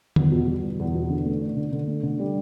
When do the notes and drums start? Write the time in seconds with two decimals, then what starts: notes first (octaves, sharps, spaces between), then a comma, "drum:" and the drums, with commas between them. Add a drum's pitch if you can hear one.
0.16 E2, drum: tom D3
0.32 B2
0.47 G3
0.63 E2
0.79 E2
0.95 B2
1.10 D3
1.25 A3
1.41 D4
1.57 D3
1.72 D3
1.88 A3
2.03 D3
2.20 G3